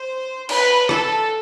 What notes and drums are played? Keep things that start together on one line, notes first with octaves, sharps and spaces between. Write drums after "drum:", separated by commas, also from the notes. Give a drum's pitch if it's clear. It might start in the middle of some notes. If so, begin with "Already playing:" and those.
Already playing: C5
B4, drum: cymbal
A4, drum: rim click